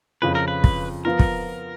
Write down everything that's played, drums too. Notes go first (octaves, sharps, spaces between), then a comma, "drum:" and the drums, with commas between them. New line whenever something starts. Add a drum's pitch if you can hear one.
F2 C#3 F3 B4
A#4
B4
drum: kick
F3 B3 F4 A#4
drum: kick